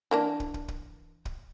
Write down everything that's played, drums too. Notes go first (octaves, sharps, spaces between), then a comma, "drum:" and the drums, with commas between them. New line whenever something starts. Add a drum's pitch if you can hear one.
E3 A#3 D4
drum: kick
drum: kick
drum: kick
drum: kick